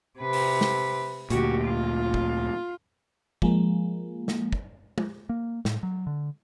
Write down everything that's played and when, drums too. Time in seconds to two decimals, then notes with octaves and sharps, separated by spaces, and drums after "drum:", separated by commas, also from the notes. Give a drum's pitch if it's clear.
0.19 C3 B4
0.33 drum: open hi-hat
0.61 drum: snare
1.30 D2 A#2 F#4 G4, drum: hi-hat
1.65 F4
2.14 drum: kick
3.42 F3 G#3 A#3, drum: kick
4.28 drum: snare
4.53 drum: kick
4.98 drum: tom G#3
5.29 A#3
5.65 A2, drum: snare
5.83 F#3
6.07 D3